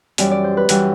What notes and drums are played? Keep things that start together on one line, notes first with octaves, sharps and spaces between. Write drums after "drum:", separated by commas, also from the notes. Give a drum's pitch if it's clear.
F#2 E3 G3 D5, drum: hi-hat
D5
C5
B4
F#2 E3 G3 F#4, drum: hi-hat